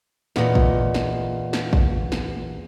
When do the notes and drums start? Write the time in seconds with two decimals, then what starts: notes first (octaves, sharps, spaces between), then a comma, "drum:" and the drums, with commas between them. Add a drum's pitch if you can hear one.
0.36 E2 A#2 D#5, drum: snare
0.55 drum: kick
0.94 drum: snare
1.53 drum: snare
1.73 drum: kick
2.12 drum: snare